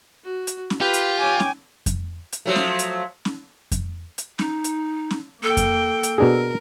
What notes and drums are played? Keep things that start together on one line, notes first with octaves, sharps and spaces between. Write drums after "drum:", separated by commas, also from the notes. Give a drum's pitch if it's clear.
F#4
drum: hi-hat
drum: snare
F4 G4 B4
drum: hi-hat
C#5 G5 G#5 D6
drum: snare
drum: kick F2, hi-hat
drum: hi-hat
F3 F#3 A3
drum: snare
drum: hi-hat
drum: snare
drum: kick F2, hi-hat
drum: hi-hat
D#4, drum: snare
drum: hi-hat
drum: snare
A#3 A4 G5
drum: kick F2, hi-hat
drum: hi-hat
B2 D4 G#4 A#4